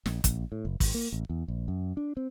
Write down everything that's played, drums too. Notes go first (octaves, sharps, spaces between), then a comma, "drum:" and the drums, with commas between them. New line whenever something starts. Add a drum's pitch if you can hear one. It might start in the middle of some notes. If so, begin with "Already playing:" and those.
A#1, drum: snare
A#1, drum: kick, hi-hat
A2
F#1
G#1, drum: kick, open hi-hat
A#3
A1
E2
A#1
F#2
D4
C4